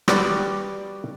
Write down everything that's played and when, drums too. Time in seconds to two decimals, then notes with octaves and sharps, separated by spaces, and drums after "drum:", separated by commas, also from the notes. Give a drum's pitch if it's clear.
0.08 G3 F#4 B4 D5, drum: rim click